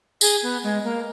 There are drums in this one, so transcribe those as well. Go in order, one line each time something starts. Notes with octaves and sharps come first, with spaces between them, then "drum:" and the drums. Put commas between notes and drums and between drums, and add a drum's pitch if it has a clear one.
G#4, drum: tambourine
B3
G#3
A#3